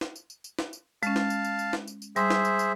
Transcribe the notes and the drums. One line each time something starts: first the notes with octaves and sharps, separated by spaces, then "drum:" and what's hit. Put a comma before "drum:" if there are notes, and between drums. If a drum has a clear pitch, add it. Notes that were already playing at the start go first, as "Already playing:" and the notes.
drum: snare
drum: tambourine
drum: tambourine
drum: tambourine
drum: snare
drum: tambourine
G#3 C#4 F5 A5, drum: tambourine
drum: snare
drum: tambourine
drum: tambourine
drum: tambourine
drum: snare
drum: tambourine
drum: tambourine
G3 G#4 C5 E5 C6, drum: tambourine
drum: snare
drum: tambourine
drum: tambourine